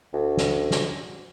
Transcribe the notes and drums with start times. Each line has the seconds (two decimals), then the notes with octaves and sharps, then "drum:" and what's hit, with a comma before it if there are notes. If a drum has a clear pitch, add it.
0.14 D2
0.37 drum: snare
0.71 drum: snare